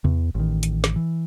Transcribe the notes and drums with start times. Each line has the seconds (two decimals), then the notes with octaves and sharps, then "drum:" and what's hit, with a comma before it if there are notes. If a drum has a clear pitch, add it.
0.04 E2, drum: tom C3
0.35 A1 D#3
0.63 drum: hi-hat
0.84 drum: snare
0.96 E3